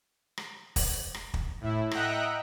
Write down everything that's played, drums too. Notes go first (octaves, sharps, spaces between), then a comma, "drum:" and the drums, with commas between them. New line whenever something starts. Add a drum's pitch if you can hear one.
drum: rim click
drum: kick, open hi-hat
drum: rim click
drum: kick
A2 E4
D#5 E5 F#5 G5 A#5 F#6, drum: rim click